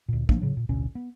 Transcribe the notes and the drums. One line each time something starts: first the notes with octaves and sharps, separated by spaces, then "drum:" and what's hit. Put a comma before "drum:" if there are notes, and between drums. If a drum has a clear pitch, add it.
D2 A#2
F3 A#3 D4, drum: kick
A2 C#3 F#3
A#2
A1 D2 B2 C#4
B3